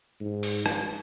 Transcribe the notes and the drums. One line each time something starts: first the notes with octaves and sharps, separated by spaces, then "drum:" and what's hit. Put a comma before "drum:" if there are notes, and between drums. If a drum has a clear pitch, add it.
G#2
drum: open hi-hat
drum: rim click